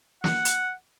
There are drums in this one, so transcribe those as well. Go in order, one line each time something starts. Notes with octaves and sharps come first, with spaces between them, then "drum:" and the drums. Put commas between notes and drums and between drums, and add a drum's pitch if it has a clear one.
F#5, drum: snare
drum: hi-hat